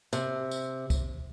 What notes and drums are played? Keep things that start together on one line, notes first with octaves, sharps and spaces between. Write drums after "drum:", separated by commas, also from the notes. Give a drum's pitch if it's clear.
C3, drum: tambourine
drum: tambourine
drum: kick, tambourine